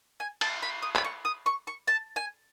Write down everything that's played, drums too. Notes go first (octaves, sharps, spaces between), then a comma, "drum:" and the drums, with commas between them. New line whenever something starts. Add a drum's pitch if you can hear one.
G#5
A5, drum: cymbal
B5
D#6
B5, drum: clap
C#6
D#6
C#6
C#6
A5
G#5